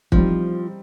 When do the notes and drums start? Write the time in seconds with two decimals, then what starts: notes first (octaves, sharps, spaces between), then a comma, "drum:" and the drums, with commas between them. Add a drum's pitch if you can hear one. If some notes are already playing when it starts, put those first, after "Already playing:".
0.12 F3 G3 C4 D#4, drum: kick